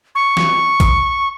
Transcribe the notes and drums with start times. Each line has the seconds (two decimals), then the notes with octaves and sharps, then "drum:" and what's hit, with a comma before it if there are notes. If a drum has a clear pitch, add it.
0.15 C#6
0.37 drum: snare
0.80 drum: kick, hi-hat